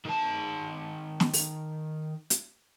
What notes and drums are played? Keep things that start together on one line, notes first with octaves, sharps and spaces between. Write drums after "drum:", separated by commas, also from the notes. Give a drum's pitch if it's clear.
D#3 A5
drum: snare
drum: open hi-hat
drum: hi-hat